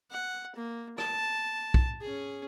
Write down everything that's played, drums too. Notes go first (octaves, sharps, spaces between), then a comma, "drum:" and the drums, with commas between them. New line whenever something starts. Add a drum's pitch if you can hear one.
F#5
A#3
A5, drum: rim click
drum: kick
C#4 G#4